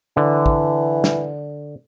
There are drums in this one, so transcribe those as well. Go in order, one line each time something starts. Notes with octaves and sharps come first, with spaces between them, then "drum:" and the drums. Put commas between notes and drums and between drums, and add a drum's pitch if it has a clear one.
D3 E3
drum: kick
drum: snare